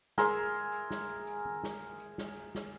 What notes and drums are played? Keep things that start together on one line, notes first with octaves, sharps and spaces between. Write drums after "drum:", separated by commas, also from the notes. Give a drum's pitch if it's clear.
G#4 A#4 E5 C6, drum: snare
drum: tambourine
drum: tambourine
drum: tambourine
drum: snare
drum: tambourine
drum: tambourine
drum: tom D#3
drum: snare
drum: tambourine
drum: tambourine
drum: snare
drum: tambourine
drum: snare